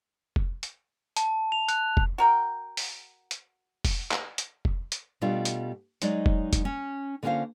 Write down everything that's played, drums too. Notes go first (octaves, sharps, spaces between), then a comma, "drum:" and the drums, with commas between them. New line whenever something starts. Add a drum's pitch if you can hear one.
drum: kick F1
drum: hi-hat
A5, drum: hi-hat
F7
F#6, drum: hi-hat
drum: kick F1
F#4 A#4 G5
drum: open hi-hat
drum: hi-hat
drum: kick F1, open hi-hat
drum: clap
drum: hi-hat
drum: kick F1
drum: hi-hat
B2 G3 A3 D4 F4
drum: hi-hat
F#3 G#3 D#4 C#5 D5, drum: hi-hat
drum: kick F1
drum: kick F1, hi-hat
C#4
D3 A#3 C#4 F4 C5 F5